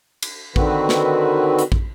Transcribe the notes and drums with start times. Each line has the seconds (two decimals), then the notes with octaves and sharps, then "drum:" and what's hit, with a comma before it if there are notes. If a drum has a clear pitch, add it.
0.22 drum: cymbal
0.56 D3 D#3 C4 F#4 B4, drum: kick
0.89 drum: snare
1.59 drum: hi-hat
1.72 drum: kick